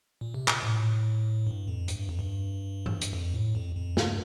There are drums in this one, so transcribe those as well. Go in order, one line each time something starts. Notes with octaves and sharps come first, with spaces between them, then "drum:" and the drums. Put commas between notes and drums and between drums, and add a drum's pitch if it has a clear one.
A#2
C3
A#2, drum: clap
A2
G2
F2
G2, drum: hi-hat
G2
F2
G2
drum: tom G#2
drum: hi-hat
F2
A2
F2
F2
G2, drum: snare